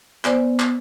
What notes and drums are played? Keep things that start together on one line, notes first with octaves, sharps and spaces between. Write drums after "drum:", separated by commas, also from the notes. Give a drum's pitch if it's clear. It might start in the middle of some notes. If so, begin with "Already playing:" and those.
B3 C5 D5 G#5, drum: clap
drum: clap